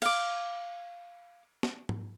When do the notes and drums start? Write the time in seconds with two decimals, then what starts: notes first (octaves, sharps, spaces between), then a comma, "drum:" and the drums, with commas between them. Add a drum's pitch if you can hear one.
0.02 F5 D6, drum: cymbal
1.63 drum: snare
1.89 drum: tom G#2